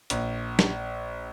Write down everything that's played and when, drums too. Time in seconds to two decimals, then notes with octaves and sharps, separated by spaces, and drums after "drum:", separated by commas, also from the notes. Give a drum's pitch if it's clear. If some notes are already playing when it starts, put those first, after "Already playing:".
0.10 A#1, drum: hi-hat
0.59 drum: snare